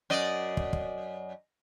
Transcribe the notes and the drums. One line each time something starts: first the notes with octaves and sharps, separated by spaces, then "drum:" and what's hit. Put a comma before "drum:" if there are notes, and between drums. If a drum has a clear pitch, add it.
F#2 D5 D#5
drum: kick
drum: kick